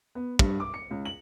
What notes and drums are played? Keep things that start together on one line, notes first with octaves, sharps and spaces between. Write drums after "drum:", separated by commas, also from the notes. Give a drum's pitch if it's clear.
B3
G2, drum: kick
D6
C#7
C#2
F#7